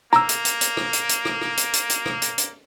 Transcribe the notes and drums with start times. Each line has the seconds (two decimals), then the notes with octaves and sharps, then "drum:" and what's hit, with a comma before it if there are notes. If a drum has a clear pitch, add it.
0.13 A#3 A#5 E6, drum: rim click
0.29 drum: hi-hat
0.45 drum: hi-hat
0.61 drum: hi-hat
0.77 drum: rim click
0.93 drum: hi-hat
1.09 drum: hi-hat
1.25 drum: rim click
1.41 drum: rim click
1.57 drum: hi-hat
1.73 drum: hi-hat
1.90 drum: hi-hat
2.06 drum: rim click
2.22 drum: hi-hat
2.38 drum: hi-hat